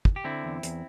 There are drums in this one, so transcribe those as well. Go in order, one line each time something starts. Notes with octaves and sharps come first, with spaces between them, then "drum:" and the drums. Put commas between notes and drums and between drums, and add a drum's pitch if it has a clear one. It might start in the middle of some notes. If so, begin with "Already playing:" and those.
drum: kick
G4
D3 C4 E4
E2
E2, drum: hi-hat